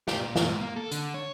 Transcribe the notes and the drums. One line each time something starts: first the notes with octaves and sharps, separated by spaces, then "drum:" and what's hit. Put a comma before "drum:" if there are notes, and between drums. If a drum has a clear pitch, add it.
G4, drum: snare
A#2
E2, drum: snare
G#2
A#3
A4
D3, drum: hi-hat
C#5